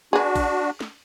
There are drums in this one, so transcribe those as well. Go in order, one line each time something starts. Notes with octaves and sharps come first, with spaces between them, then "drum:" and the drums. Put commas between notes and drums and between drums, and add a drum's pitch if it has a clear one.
D4 F#4 G#4 B4
drum: kick A1, cymbal
drum: snare